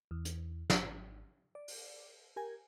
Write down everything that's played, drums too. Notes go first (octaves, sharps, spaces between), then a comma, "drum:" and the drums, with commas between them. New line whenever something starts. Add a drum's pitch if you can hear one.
E2
drum: hi-hat
G#1, drum: snare
D5
drum: open hi-hat
G4 A#4 G#5